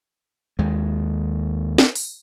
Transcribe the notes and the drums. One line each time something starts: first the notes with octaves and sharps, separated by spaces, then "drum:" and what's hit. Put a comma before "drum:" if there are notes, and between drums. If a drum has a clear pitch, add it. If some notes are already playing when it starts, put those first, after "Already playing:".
D#2 G#3
drum: snare
drum: open hi-hat